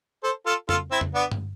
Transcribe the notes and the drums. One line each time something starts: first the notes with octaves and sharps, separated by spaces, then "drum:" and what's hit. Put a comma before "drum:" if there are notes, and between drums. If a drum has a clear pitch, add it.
A4 C5
F4 A4
F4 A4, drum: tom F2
C4 E4
drum: tom F2
B3 D4
drum: tom G2